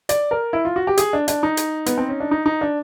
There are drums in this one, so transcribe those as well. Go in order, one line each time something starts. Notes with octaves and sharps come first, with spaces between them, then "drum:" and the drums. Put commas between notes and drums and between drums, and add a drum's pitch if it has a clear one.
D5, drum: hi-hat
A#4
E4
F4
F#4
G4
G#4, drum: hi-hat
D4
D4, drum: hi-hat
D#4
drum: hi-hat
B3, drum: hi-hat
C4
C#4
D4
D#4
D#4
D4